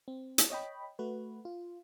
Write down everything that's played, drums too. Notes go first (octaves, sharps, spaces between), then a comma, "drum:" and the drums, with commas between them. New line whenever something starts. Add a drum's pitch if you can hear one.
C4
drum: hi-hat
C#5 D#5 G5 B5
A3 F#4 B4
F4